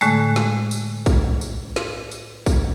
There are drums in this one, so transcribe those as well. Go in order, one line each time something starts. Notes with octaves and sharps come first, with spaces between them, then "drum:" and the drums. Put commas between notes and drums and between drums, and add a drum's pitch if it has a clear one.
A2 D3 G#3 A3, drum: tambourine
drum: snare
drum: tambourine
drum: kick A#1, tambourine
drum: tambourine
drum: snare
drum: tambourine
drum: kick A#1, tambourine